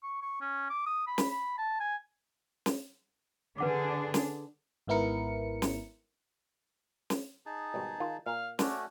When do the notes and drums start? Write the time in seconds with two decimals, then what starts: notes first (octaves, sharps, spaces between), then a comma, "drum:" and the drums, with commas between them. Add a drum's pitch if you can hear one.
0.03 C#6
0.22 C#6
0.41 C#4
0.70 D6
0.86 D#6
1.07 B5
1.18 drum: snare
1.31 B5
1.58 A5
1.80 G#5
2.66 drum: snare
3.58 D3 D4 G#4 B4 F#5 D6
4.14 drum: snare
4.87 G#1 G#2 B3 E4 A#4 C#7
5.62 drum: snare
7.10 drum: snare
7.46 D#4 G#4 A5
7.74 G#1 B2 G3
8.00 D#3 F4
8.26 A#2 F5
8.59 A3 C#4 F#4 D5, drum: snare